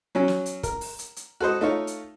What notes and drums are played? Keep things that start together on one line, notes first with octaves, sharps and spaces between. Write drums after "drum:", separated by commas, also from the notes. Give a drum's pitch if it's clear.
F#3 C#4
drum: snare
drum: hi-hat
A#4, drum: kick, hi-hat
drum: open hi-hat
drum: hi-hat
drum: hi-hat
F#4 A4 B4 C5 D#5
A3 D#4 F4 C#5
drum: hi-hat